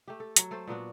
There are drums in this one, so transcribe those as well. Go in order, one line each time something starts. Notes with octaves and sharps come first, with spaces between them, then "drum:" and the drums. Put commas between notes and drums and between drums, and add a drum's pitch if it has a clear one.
A3 G4
A4
F#3, drum: hi-hat
A3 A4 C5
A#2 B3 D4 F#4